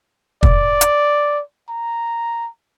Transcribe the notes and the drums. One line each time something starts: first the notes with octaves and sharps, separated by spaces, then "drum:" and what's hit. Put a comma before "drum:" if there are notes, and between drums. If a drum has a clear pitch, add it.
D5, drum: kick
drum: hi-hat
A#5